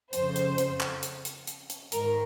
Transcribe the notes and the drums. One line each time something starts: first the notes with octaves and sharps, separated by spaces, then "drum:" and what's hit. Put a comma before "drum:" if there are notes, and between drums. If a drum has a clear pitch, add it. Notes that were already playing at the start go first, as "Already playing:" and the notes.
F2 C#3 C5, drum: hi-hat
drum: hi-hat
drum: hi-hat
drum: clap
drum: hi-hat
drum: hi-hat
drum: hi-hat
drum: hi-hat
G#2 D#3 A#4, drum: hi-hat